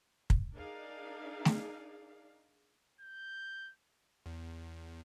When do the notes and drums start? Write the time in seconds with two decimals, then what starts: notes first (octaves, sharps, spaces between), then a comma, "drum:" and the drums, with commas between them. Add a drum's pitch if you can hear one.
0.30 drum: kick
0.56 D4 D#4 G#4 A#4 D5 F5
1.45 drum: snare A3
3.01 G6
4.26 E2